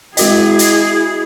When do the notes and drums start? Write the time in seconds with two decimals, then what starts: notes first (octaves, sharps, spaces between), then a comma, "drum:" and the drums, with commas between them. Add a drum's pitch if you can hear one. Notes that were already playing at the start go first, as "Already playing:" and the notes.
0.17 G#3 E4 F#4 G#4 D#5, drum: hi-hat
0.59 drum: hi-hat